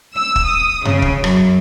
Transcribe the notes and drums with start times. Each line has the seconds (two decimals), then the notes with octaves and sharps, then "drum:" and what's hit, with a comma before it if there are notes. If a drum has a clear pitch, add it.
0.15 E6
0.36 drum: kick
0.45 D#6
0.85 C#3, drum: tom F#2
1.02 drum: kick
1.24 F#2, drum: rim click